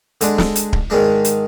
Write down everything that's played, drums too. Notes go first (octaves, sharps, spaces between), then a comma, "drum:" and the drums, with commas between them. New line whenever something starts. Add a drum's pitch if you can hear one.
D3 G#3 D4, drum: hi-hat
drum: snare
drum: hi-hat
drum: kick D1
G#2 D#3 G#3 D4
drum: hi-hat